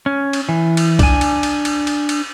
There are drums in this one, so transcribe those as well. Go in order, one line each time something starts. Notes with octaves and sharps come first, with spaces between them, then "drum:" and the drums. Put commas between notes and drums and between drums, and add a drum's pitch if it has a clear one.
C#4
drum: cymbal
E3
drum: cymbal
D4 G#5, drum: kick, cymbal
drum: cymbal
drum: cymbal
drum: cymbal
drum: cymbal
drum: cymbal